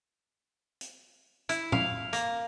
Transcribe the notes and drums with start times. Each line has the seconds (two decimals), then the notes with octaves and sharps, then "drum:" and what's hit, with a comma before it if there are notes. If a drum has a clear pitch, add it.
0.81 drum: hi-hat
1.49 E4, drum: hi-hat
1.72 F5, drum: tom
2.13 A#3, drum: hi-hat